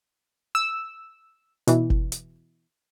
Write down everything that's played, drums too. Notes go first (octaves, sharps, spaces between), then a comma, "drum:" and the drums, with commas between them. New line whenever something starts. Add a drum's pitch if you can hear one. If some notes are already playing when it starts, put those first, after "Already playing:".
E6
B2 E3, drum: hi-hat
drum: kick F#1
drum: hi-hat